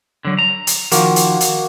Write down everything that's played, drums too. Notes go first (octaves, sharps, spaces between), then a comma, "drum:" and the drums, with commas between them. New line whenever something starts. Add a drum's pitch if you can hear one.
D3 F#3
A#5
drum: hi-hat
D#3 F3 A#3 F#4, drum: hi-hat
drum: hi-hat
drum: hi-hat